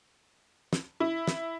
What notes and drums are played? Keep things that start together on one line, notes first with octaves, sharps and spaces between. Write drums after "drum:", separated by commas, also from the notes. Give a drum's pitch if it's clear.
drum: snare
E4
drum: snare